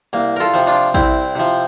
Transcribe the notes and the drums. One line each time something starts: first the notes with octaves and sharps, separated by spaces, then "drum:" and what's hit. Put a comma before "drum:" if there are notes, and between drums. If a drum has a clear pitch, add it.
C2 A#3
A#4
F4 A4
C3 F3
D4 F4
C2 C4 E4, drum: kick A1
C3 F3